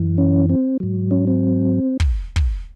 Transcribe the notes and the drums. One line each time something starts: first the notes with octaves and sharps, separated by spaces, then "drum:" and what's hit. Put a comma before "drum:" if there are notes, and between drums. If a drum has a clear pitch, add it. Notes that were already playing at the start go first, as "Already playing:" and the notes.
Already playing: F#2 E3
C#4
C4
G#2 F#3
C#4
C4
drum: kick
drum: kick